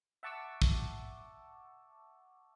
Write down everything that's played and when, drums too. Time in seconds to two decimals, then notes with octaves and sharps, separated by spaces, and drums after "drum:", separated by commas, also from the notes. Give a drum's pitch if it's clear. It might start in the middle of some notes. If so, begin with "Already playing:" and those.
0.23 E5 F#5 A5 C#6 D6 E6
0.62 drum: kick